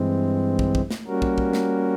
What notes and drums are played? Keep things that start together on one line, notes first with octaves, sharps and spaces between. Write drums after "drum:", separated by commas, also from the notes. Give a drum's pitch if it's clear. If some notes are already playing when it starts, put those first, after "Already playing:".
Already playing: G2 E3 G#3 C4
drum: kick
drum: kick
drum: snare
G3 A#3 C#4 F#4 A#4
drum: kick
drum: kick
drum: snare